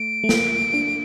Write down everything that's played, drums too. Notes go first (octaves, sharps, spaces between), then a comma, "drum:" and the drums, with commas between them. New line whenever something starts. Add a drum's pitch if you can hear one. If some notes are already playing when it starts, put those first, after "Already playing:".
Already playing: A3 D7
A3
A#3, drum: snare
D4